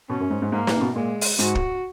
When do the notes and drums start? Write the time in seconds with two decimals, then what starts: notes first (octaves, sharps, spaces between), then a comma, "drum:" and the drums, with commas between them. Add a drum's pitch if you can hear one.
0.09 B2 C#4
0.20 F#2
0.30 G#2
0.42 G#2
0.52 G#2 A#3
0.67 A#2, drum: snare
0.76 C#3
0.81 B2
0.95 A#2 G#3
1.21 drum: open hi-hat
1.39 G#2 F#4, drum: hi-hat
1.55 drum: kick